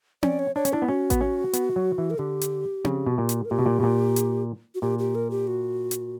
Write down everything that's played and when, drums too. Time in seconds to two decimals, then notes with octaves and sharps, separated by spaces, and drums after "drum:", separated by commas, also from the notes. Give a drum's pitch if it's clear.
0.23 C#4 D5, drum: tom C4
0.39 C#5
0.55 D4 C#5
0.65 C#4, drum: hi-hat
0.73 D4 E4
0.82 B3
0.88 C#4 F#4
1.10 B3, drum: kick A1, hi-hat
1.21 C#4
1.53 B3, drum: hi-hat
1.76 F#3
1.98 E3
2.10 A#4
2.19 D3 G4
2.41 drum: hi-hat
2.85 C#3, drum: tom C4
3.06 B2
3.18 A#2
3.29 drum: hi-hat
3.45 A#4
3.51 A#2 G4
3.59 B2
3.66 A#2
3.80 B2
3.83 A#2
4.16 drum: hi-hat
4.75 F#4
4.82 A#2 G4
4.99 G4
5.15 A#4
5.31 G4
5.47 F#4
5.91 drum: hi-hat